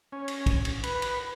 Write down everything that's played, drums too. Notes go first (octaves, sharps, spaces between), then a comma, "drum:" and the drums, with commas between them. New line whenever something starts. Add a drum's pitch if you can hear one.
C#4
drum: cymbal
drum: kick, cymbal
drum: cymbal
B4, drum: cymbal
drum: cymbal